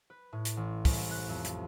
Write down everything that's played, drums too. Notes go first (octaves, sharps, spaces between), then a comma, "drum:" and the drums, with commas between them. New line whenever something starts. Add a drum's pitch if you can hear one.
B4
A2
drum: hi-hat
A1
C2, drum: kick, open hi-hat
F#6
F2
drum: hi-hat